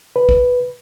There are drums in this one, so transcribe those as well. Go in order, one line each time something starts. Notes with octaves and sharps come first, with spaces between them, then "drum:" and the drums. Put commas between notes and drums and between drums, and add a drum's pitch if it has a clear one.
B4
drum: kick